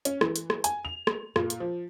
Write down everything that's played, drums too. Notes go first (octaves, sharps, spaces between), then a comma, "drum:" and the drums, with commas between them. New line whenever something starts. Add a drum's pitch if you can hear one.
C#4, drum: hi-hat
E3, drum: rim click
drum: hi-hat
drum: rim click
G#5, drum: hi-hat
F7
drum: rim click
A#2, drum: rim click
drum: hi-hat
F3